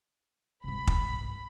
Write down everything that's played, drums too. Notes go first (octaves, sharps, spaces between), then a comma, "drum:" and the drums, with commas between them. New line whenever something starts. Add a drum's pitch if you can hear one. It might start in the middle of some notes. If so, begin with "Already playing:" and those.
C2 G#2 B5
drum: kick